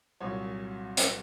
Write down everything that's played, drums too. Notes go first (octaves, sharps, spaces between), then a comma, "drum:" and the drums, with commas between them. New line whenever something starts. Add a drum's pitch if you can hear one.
C2 A#2 F#3 C#5
drum: hi-hat